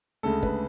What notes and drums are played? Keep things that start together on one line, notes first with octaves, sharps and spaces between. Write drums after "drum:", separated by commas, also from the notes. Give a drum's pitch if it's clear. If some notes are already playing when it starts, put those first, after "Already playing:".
D2 C#3 G#3 A4
B4, drum: kick